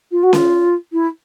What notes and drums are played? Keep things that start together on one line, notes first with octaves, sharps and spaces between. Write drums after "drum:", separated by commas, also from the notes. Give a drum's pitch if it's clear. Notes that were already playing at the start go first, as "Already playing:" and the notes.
F4
F#4
F4, drum: snare C#4
E4